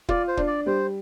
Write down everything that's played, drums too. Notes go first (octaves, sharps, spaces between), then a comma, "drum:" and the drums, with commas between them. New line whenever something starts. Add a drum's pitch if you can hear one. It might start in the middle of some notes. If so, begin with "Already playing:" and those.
F4 D5, drum: kick
C5
D4, drum: kick
D5
G3 C5